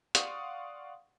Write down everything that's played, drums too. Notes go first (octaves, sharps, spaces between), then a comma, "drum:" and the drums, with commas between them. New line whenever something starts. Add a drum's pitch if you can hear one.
D5 F5 F#5 C6 C#6 D#6, drum: hi-hat